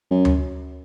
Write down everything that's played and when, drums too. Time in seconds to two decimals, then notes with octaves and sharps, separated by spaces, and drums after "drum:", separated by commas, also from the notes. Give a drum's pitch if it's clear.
0.10 F#2
0.25 drum: tom D2